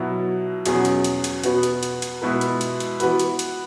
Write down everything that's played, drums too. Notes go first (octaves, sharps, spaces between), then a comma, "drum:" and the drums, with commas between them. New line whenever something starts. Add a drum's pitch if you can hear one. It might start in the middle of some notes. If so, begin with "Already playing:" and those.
Already playing: B2 F#3 E4
E2 B2 F#3 C#4 G#4, drum: hi-hat
drum: hi-hat
drum: hi-hat
drum: hi-hat
B2 B3 F#4, drum: hi-hat
drum: hi-hat
drum: hi-hat
drum: hi-hat
B2 G#3 B3 E4 B4
drum: hi-hat
drum: hi-hat
drum: hi-hat
E3 B3 F#4 B4, drum: hi-hat
drum: hi-hat
drum: hi-hat